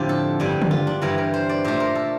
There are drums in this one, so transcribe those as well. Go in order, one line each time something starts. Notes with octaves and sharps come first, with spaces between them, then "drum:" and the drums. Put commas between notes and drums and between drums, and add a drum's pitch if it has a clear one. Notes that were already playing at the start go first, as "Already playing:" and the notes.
Already playing: F2 A2 D3 F3 F4 G4
A4
G2 D3 G3
drum: tom
F4
D4
G2 E3 G3 A#4
A#4
C5
D5
A#2 A3 C5
A#4
A4